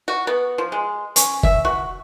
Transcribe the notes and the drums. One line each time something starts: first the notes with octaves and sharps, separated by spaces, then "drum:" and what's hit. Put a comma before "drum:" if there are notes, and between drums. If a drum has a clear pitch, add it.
F#4
B3
F3
G#3
C#4, drum: hi-hat
E5, drum: kick
F#4